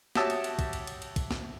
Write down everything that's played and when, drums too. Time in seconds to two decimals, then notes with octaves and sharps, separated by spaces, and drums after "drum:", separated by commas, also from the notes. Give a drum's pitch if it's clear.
0.15 F#4 G4 C#5 E5 A5 D#6, drum: snare
0.30 drum: cymbal
0.44 drum: cymbal
0.59 drum: kick, cymbal
0.73 drum: cymbal
0.87 drum: cymbal
1.02 drum: cymbal
1.16 drum: kick, cymbal
1.31 drum: snare